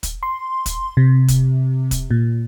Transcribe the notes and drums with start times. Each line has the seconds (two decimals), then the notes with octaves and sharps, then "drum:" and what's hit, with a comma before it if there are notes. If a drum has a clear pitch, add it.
0.03 drum: kick, hi-hat
0.23 C6
0.66 drum: kick, hi-hat
0.97 C3
1.28 drum: kick, hi-hat
1.91 drum: kick, hi-hat
2.11 A#2